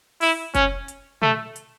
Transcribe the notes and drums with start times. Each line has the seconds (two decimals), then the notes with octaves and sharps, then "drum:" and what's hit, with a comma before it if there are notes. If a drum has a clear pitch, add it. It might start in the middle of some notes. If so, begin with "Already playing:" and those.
0.21 E4, drum: open hi-hat
0.55 C#4, drum: kick F1, hi-hat
0.88 drum: hi-hat
1.22 A3, drum: tom
1.56 drum: hi-hat